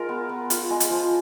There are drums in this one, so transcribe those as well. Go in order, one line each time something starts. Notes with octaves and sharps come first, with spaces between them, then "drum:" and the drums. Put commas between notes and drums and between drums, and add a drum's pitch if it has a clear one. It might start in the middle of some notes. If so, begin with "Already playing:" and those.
Already playing: G#3 F4 A#4
B3
B3
F4, drum: hi-hat
G#3
drum: hi-hat
F3